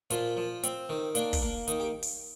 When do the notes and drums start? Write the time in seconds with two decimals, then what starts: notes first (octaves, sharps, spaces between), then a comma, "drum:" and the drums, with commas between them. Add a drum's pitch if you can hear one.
0.10 A#2 F3 F4, drum: hi-hat
0.37 F3
0.63 C4, drum: hi-hat
0.89 D#3
1.15 A#3 D4, drum: hi-hat
1.33 drum: kick, open hi-hat
1.42 A#3
1.68 D#3 D#4, drum: hi-hat
1.80 G4
2.03 drum: open hi-hat